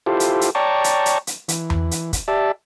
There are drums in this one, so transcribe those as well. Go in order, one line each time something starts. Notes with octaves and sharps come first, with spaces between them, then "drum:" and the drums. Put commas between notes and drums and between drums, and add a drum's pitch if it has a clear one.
E4 F4 G4 A4 C5
drum: hi-hat
drum: hi-hat
C#5 D5 G5 A5 A#5 C#6
drum: hi-hat
drum: hi-hat
drum: hi-hat
E3, drum: hi-hat
drum: tom E2
drum: hi-hat
drum: kick, hi-hat
G4 D5 E5 A5